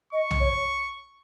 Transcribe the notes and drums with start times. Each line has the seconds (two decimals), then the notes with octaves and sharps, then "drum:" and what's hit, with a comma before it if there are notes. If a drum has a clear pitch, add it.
0.13 D#5 C#6
0.31 drum: tom B1
0.40 C#5